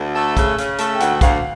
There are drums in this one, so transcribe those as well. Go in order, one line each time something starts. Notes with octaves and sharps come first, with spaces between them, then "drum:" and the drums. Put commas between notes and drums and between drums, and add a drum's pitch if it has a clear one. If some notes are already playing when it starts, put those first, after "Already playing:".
Already playing: D2
A3
C#3, drum: kick, hi-hat
C#3, drum: hi-hat
A3, drum: hi-hat
G5
D2 F#5, drum: hi-hat
D2 F5, drum: kick, hi-hat